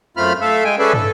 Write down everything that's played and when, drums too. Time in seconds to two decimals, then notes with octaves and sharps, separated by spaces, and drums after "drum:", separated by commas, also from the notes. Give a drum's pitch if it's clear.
0.17 F#2 A3 C4 F4 B5 F6
0.41 A3 A4 E5 F5
0.64 G#3 G5 G#5
0.79 C#4 G#4 A4 B4 D5 E5
0.93 A4, drum: tom